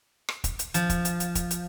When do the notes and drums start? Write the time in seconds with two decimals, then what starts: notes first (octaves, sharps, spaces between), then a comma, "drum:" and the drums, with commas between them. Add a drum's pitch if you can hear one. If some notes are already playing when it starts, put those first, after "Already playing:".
0.29 drum: rim click
0.44 drum: kick, hi-hat
0.59 drum: hi-hat
0.74 F3, drum: hi-hat
0.90 drum: kick, hi-hat
1.05 drum: hi-hat
1.20 drum: hi-hat
1.35 drum: kick, hi-hat
1.51 drum: hi-hat